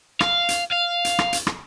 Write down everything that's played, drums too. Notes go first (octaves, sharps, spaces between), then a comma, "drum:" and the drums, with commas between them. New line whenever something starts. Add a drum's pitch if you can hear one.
F5, drum: rim click
drum: hi-hat
F5
drum: hi-hat
drum: rim click
drum: hi-hat
drum: rim click